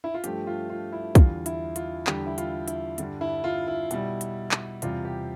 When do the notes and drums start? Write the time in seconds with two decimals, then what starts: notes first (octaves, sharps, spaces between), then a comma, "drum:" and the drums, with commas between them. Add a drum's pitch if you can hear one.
0.04 E4
0.14 F4
0.24 G2 F3 A3 G4, drum: hi-hat
0.47 F4
0.70 F4
0.92 E4
1.15 E2 D3 G3 F4, drum: kick, hi-hat
1.46 E4, drum: hi-hat
1.76 F4, drum: hi-hat
2.07 E2 D3 G3 G4, drum: clap
2.26 E4
2.38 F4, drum: hi-hat
2.68 E4, drum: hi-hat
2.98 G2 D3 G3, drum: hi-hat
3.21 E4
3.44 F4
3.68 E4
3.91 B2 G3, drum: hi-hat
4.21 drum: hi-hat
4.51 drum: clap
4.82 E2 C3 G3 F4, drum: hi-hat
5.05 G4